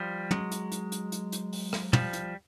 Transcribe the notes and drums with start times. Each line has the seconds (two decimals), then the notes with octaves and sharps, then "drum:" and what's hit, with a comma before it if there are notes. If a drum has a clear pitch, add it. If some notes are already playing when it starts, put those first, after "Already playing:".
Already playing: F3 G3
0.31 F#3 G#3, drum: tom
0.51 drum: hi-hat
0.72 drum: hi-hat
0.92 drum: hi-hat
1.12 drum: hi-hat
1.32 drum: hi-hat
1.53 drum: open hi-hat
1.73 drum: rim click
1.93 F3 G3, drum: tom
2.13 drum: hi-hat